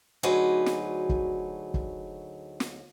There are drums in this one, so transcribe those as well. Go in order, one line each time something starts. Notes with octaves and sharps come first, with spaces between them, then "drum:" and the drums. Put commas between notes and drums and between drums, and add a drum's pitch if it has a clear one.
D2 F#3 D#4 G#4 B4 D5
drum: snare
drum: kick
drum: kick
drum: snare